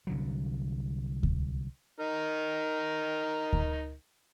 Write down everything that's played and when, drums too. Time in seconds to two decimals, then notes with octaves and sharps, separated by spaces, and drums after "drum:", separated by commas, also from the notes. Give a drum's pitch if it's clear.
0.07 C2 D3 F#3
1.23 drum: kick D2
2.00 D#4 A#4
3.53 drum: kick D2